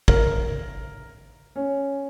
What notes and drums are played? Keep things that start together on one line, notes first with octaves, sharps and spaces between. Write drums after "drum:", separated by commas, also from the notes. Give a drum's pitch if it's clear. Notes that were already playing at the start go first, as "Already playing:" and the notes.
A#4, drum: kick
C#4